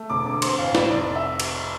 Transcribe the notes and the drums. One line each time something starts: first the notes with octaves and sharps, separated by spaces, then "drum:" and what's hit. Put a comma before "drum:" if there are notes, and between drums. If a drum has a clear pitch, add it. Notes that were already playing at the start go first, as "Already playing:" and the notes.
Already playing: A3
E1 D6
D3 D6
C4 C6, drum: cymbal
A1 F5
G3 D5, drum: snare
F1 D5
E5
drum: cymbal